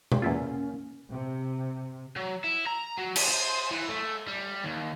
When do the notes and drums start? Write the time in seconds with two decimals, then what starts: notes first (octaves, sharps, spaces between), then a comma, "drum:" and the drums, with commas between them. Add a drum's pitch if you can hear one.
0.12 drum: tom B2
0.22 E2 A#3 C#4 E4 F4
1.11 C3
2.16 F#3
2.44 E4
2.67 A#5
2.98 F#3
3.16 G4, drum: cymbal
3.28 C5
3.71 E3
3.89 A3
4.28 G3
4.64 D#2